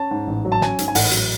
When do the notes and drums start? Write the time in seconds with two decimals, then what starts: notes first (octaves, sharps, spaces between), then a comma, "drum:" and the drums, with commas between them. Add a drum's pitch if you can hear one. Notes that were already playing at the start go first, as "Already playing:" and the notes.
Already playing: C#4 A5
0.11 G#2
0.27 A1
0.45 F#3
0.52 A5
0.61 C#4 G#5, drum: snare
0.79 G#2, drum: hi-hat
0.88 G#5
0.95 A1 F#5, drum: open hi-hat
1.12 F#3, drum: hi-hat